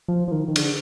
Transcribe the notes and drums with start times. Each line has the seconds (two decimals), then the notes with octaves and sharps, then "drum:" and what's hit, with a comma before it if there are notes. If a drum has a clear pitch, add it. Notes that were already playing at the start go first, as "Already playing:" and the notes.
0.08 F3
0.28 F3
0.32 D#3
0.48 D#3
0.56 D3, drum: cymbal